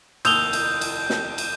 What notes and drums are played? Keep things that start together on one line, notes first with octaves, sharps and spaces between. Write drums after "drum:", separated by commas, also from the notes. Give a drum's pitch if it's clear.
F1 D#2 D#6 E6 G6 F7 G7, drum: cymbal
drum: cymbal
drum: cymbal
drum: snare
drum: cymbal